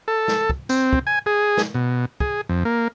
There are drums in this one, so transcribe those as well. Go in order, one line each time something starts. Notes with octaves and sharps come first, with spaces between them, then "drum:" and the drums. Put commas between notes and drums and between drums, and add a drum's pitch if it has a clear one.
A4
drum: snare
drum: kick
C4, drum: tambourine
drum: kick
G#5
G#4
drum: snare
B2
G#4, drum: kick
F2
A#3